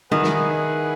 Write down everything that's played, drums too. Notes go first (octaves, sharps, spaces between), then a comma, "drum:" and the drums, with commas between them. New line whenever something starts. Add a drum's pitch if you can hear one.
D#3 E4 G#4 B4 F#5, drum: tom G3
drum: snare